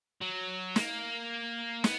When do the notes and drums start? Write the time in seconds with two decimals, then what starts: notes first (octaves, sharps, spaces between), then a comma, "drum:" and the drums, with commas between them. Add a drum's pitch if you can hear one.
0.21 F#3
0.76 A#3, drum: snare
1.84 B3, drum: snare